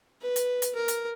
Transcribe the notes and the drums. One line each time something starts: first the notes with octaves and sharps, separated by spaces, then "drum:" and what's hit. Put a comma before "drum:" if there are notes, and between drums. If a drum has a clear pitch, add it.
B4
drum: hi-hat
drum: hi-hat
A#4
drum: hi-hat